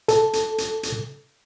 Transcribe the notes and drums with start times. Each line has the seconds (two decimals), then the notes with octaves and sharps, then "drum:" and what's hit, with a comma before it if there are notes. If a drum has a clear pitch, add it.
0.08 A4, drum: hi-hat
0.33 drum: hi-hat
0.58 drum: hi-hat
0.83 drum: hi-hat